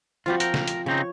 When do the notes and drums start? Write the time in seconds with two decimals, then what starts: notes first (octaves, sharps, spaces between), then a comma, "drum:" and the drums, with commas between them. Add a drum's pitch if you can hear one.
0.26 F3 G3 C4 F4 F#4
0.40 A#4 G5, drum: hi-hat
0.54 drum: snare
0.68 drum: hi-hat
0.86 C#3 C4 D#4 C#5